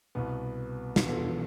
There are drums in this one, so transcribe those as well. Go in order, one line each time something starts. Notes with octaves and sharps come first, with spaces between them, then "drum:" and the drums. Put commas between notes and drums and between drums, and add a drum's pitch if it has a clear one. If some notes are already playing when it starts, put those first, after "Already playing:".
C2 B2 B3
drum: snare
E2 B2 B3 F4 A4